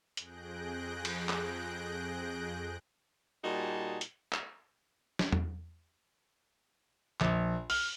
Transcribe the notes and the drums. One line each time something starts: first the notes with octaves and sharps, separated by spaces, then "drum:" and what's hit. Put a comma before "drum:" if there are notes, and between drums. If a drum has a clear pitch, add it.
F2 G#4 F#6 G6 A#6 D7, drum: hi-hat
drum: cymbal
drum: clap
A#2 G3 D#4 F#4 G#4 A5
drum: hi-hat
drum: clap
drum: snare
drum: tom E2
A#1, drum: clap
F6, drum: open hi-hat